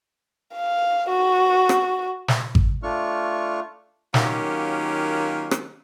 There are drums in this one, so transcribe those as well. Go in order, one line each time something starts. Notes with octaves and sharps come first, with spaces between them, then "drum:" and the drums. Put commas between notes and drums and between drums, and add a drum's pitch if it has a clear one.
F5
F#4
drum: rim click
drum: snare
drum: kick G#1
A3 D4 F4 C#6 F6
D#3 F#3 A#3 C#4 F4 G4, drum: snare
drum: rim click